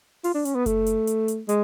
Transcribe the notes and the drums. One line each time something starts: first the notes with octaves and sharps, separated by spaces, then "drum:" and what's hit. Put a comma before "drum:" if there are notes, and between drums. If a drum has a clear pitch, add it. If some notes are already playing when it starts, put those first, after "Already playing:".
F4, drum: open hi-hat
D4
C#4, drum: hi-hat
B3
A3, drum: kick F#1, hi-hat
drum: hi-hat
drum: hi-hat
drum: hi-hat
G#3, drum: hi-hat